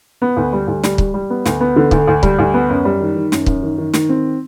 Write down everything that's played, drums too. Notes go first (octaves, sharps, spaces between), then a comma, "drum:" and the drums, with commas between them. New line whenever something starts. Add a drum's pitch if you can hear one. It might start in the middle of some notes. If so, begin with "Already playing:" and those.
B3
D2
G3
D2
G3, drum: snare
G3, drum: kick
G3
B3
D2, drum: snare
B3
D3
D2, drum: kick
D2
G3, drum: kick
D2
B3
F#2
G3
D#3
D#3
F#2, drum: snare
F#2, drum: kick
D#3
D#3
D#3, drum: snare
C4